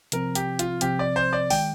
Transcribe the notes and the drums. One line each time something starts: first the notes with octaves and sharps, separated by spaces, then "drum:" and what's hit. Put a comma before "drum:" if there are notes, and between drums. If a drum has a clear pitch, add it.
C3 F3 C4 A#4, drum: hi-hat
G4, drum: hi-hat
F4, drum: hi-hat
C3 F3 C4 G4, drum: hi-hat
D5
C5
D5
D#3 G#3 G5, drum: open hi-hat